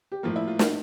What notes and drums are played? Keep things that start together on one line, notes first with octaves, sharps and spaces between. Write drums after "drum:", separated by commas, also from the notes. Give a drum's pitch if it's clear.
G4
A2 F3 A#3 F4
E4
F4
E4, drum: snare